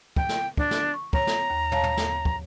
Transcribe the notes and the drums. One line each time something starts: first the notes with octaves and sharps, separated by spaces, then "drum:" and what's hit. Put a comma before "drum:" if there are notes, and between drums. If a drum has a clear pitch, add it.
G5, drum: kick
drum: snare
D4, drum: kick
drum: snare
C#6
C#5 A#5, drum: kick
drum: snare
D#2
C#5 F5 A5, drum: tom
drum: tom
drum: snare
drum: kick